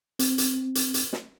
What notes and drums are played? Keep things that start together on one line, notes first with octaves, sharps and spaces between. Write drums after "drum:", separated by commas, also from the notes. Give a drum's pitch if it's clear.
C4, drum: hi-hat
drum: hi-hat
drum: hi-hat
drum: hi-hat
drum: snare